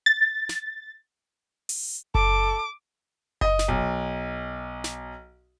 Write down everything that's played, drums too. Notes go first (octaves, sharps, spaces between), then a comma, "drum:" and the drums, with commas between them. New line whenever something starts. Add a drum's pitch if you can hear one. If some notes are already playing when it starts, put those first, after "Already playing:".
A6
drum: snare
drum: open hi-hat
A4 D6, drum: kick F#1
D#5, drum: kick F#1
drum: snare
B1
drum: snare